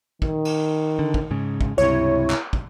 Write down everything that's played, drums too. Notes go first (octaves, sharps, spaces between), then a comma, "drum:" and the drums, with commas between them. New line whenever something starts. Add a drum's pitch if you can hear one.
D#3, drum: kick
drum: cymbal
D3
drum: kick
G#2 C#3
drum: kick
C#2 G2 C3 E4 C#5
drum: clap
drum: kick